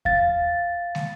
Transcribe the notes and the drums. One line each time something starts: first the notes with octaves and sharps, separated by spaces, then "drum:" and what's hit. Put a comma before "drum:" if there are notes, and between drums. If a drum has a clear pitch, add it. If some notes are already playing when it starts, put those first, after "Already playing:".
F5 A6, drum: kick E2
drum: snare